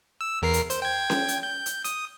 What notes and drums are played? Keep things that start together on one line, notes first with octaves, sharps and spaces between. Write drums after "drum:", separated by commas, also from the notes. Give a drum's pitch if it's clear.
E6
E2 A#4 C7
drum: hi-hat
C5, drum: hi-hat
G5 G#6
drum: snare C#4
drum: hi-hat
G6
drum: hi-hat
D#6, drum: hi-hat